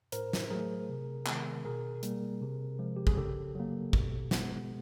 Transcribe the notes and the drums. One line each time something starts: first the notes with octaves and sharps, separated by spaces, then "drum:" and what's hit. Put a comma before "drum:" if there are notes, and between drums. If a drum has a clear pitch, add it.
A2 A#4 C5, drum: hi-hat
drum: snare
F#3 A3 G#4 A#4
C3
D#3 G#3 B3, drum: clap
B2 G#4 A#4
G3 A#3, drum: hi-hat
C3
F3 G#3
G4
G#4, drum: kick
C#3 G4 A4
F#3 A#3
B2, drum: kick
G#3 B3, drum: snare